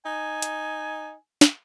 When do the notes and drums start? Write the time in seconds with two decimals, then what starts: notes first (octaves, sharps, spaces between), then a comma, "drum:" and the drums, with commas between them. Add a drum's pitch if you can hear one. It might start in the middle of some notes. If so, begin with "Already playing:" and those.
0.06 D#4 G#5
0.42 drum: hi-hat
1.41 drum: snare